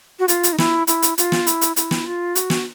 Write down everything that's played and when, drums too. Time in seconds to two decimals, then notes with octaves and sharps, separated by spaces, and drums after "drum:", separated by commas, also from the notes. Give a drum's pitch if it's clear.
0.19 F#4
0.28 F4, drum: hi-hat
0.43 drum: hi-hat
0.53 D#4
0.58 E4, drum: snare
0.87 E4, drum: hi-hat
1.02 drum: hi-hat
1.18 F4, drum: hi-hat
1.32 drum: snare
1.47 E4, drum: hi-hat
1.61 drum: hi-hat
1.76 E4, drum: hi-hat
1.91 drum: snare
2.06 F4
2.35 F#4, drum: hi-hat
2.50 drum: snare